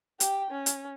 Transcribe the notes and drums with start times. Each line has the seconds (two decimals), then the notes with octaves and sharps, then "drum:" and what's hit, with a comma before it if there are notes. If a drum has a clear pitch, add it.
0.20 G4 G5, drum: hi-hat
0.51 C#4
0.66 drum: hi-hat